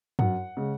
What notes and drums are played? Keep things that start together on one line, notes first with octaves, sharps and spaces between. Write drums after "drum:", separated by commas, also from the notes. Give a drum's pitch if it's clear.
F#2 F#5, drum: tom G2
C#3 G#3